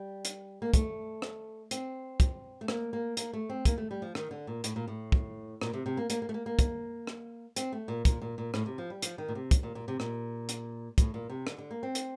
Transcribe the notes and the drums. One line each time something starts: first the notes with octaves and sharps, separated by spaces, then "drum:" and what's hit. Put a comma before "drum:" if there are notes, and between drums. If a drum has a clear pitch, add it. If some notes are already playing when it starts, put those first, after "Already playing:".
Already playing: G3
drum: hi-hat
A#3
A3, drum: kick, hi-hat
drum: rim click
C4, drum: hi-hat
drum: kick, hi-hat
A3
A#3, drum: rim click
A#3
A#3, drum: hi-hat
A3
C4
A#3, drum: kick, hi-hat
A3
G3
F3
D#3, drum: rim click
D3
A#2
A2, drum: hi-hat
A#2
A2
drum: kick
A#2, drum: rim click
C3
C3
A#3
A#3, drum: hi-hat
A#3
A3
A#3
A#3
drum: kick, hi-hat
drum: rim click
C4, drum: hi-hat
A3
A#2
A#2, drum: kick, hi-hat
A#2
A#2
A2, drum: rim click
C3
F3
G3
F3, drum: hi-hat
D#3
A#2
C3
drum: kick, hi-hat
A#2
A#2
C3
A#2, drum: rim click
drum: hi-hat
A2, drum: kick, hi-hat
A#2
C3
D3, drum: rim click
D3
A#3
C4
drum: hi-hat